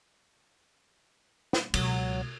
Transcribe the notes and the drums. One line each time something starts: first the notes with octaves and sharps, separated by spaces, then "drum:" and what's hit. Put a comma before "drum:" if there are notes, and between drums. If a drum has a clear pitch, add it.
drum: snare
C#2 B2 F#3, drum: cymbal